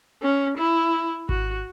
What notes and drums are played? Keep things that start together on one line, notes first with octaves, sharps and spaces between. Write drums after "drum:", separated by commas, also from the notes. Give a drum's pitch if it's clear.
C#4
E4
F#4, drum: kick G#1